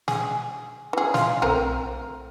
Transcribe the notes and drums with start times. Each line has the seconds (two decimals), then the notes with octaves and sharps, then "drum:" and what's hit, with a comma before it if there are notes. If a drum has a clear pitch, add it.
0.08 G#4, drum: snare
0.93 E3 G#4
1.14 F4, drum: snare
1.42 A3 C4 A#4, drum: tom B1